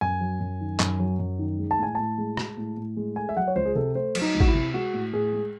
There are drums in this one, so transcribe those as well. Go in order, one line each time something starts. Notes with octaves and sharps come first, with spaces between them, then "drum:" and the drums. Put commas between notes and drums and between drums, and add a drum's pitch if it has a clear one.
F#2 G#5
F#3
F#2
D#3
F#2, drum: clap
F#3
F#2
D#3
G#3
A5
A2 G#5
A2 A5
G#3
G#3, drum: rim click
A2
A2
G#3
A3 G#5
E5
F#3 F#5
C#5
C#2 C5
G#4
C3 A4
A3 C5
F#3, drum: cymbal
D#4
C#2
F#4, drum: kick
E4
C3
G#3 F#4
A2
A2 G#4
G#3